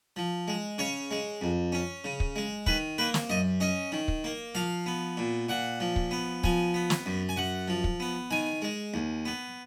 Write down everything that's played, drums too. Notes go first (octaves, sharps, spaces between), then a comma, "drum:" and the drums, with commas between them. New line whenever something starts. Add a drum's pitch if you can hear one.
F3
G#3
C#3 C#5
G#3
F2
C#4
C#3
drum: kick
G#3
D#3 B4, drum: kick
A#3 B4
drum: snare
F#2 D#5
C#4 D#5
D#3
drum: kick
A#3
F3 F5
B3
A#2
A#2 F#5
F3
drum: kick
B3
F3 G#5, drum: kick
B3
drum: snare
F#2
G#5
F#2 F#5
F3
drum: kick
B3
D#3 G#5
G#3
D#2
B3